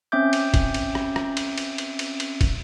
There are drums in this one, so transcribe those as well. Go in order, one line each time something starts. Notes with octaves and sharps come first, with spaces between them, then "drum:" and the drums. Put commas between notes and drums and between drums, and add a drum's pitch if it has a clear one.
C4 C#4 E5 D6 G6
drum: cymbal
drum: kick, cymbal
drum: cymbal
drum: rim click
drum: rim click
drum: cymbal
drum: cymbal
drum: cymbal
drum: cymbal
drum: cymbal
drum: kick, cymbal